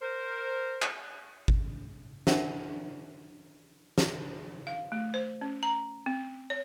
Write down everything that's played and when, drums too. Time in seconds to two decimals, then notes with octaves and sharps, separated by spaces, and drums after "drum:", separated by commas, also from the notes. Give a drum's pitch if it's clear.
0.01 A#4 C5
0.82 drum: clap
1.48 drum: kick G#1
2.27 C#4 D4 A#4 C5 E5 F#5, drum: snare
3.98 drum: snare
4.67 F5
4.92 A3
5.14 C5
5.41 C#4
5.63 A#5
6.06 C4
6.50 C#5